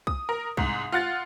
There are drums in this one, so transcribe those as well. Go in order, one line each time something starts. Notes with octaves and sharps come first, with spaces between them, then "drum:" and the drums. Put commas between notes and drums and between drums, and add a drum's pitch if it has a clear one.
D#6, drum: kick C2
A#4
C2 G#2, drum: kick C2
F4 F#5 A6